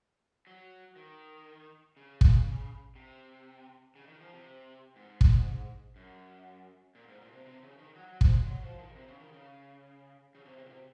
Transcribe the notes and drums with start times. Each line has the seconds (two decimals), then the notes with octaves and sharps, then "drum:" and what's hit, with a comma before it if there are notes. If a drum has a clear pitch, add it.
0.47 F#3
0.96 D#3
1.97 C#3
2.21 drum: kick
2.96 C3
3.96 C#3
4.08 D#3
4.20 F3
4.33 C3
4.96 G#2
5.21 drum: kick
5.96 F#2
6.95 A#2
7.08 G#2
7.21 A#2
7.33 C3
7.45 C3
7.63 C#3
7.78 D#3
7.96 F#3
8.08 F#3
8.21 F3, drum: kick
8.34 G#3
8.46 F#3
8.62 F3
8.78 D#3
8.95 C3
9.08 C#3
9.20 D#3
9.33 C#3
10.35 C#3
10.45 C3
10.58 C3
10.66 A#2
10.70 C3